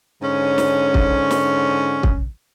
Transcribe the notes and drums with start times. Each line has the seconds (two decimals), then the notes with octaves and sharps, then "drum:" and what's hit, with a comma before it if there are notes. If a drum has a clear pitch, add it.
0.21 G#2 D3 C#4
0.58 drum: snare
0.94 drum: kick
1.31 drum: snare
2.03 drum: kick